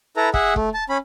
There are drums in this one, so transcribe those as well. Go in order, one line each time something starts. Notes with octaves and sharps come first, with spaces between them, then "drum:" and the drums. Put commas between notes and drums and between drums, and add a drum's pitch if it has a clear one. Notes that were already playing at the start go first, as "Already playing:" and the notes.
E4 A4 B4 A#5
G#4 E5 F#5, drum: kick
A3, drum: kick
A5
C#4 B5